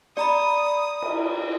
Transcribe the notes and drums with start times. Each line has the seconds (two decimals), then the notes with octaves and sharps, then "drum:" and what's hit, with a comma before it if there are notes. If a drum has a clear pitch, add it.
0.17 D5 A#5 B5 D#6, drum: snare
1.02 drum: cymbal